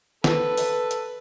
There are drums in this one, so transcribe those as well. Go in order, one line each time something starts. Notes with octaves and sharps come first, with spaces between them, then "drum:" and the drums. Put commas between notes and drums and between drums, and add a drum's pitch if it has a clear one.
A4 B4, drum: snare
drum: open hi-hat
drum: hi-hat